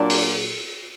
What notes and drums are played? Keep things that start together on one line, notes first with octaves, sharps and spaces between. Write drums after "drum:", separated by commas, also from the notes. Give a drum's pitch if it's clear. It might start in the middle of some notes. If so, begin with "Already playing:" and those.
Already playing: A#2 F#3 D4
drum: open hi-hat